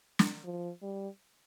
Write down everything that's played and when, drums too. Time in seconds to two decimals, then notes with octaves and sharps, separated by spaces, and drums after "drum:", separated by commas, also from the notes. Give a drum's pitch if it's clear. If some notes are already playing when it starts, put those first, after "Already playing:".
0.19 drum: snare
0.45 F3
0.82 G3